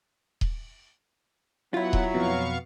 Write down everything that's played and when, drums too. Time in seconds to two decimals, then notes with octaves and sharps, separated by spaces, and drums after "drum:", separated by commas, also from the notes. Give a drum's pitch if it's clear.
0.41 drum: kick D#1
1.74 F#3 B3 E4 F4 F#5
1.93 drum: kick D#1
2.14 F2 B2 B3 F5 C#6